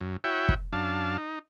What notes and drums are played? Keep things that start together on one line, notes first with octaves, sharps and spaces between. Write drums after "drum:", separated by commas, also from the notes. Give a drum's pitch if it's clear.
F#2
E4 F#4 C#5 E5 G5
drum: kick
F#2 D4 F5 A5
D#4